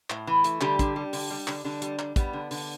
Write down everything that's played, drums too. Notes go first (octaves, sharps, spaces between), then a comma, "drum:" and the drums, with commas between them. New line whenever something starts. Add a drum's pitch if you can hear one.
A2, drum: clap
E3
A3, drum: hi-hat
D3 G3 G4, drum: clap
D3, drum: kick, hi-hat
G3
D3, drum: open hi-hat
G3
D3, drum: clap
D3 G3 D4
G3, drum: hi-hat
G3, drum: clap
G3 B3, drum: kick, hi-hat
D3
D3, drum: open hi-hat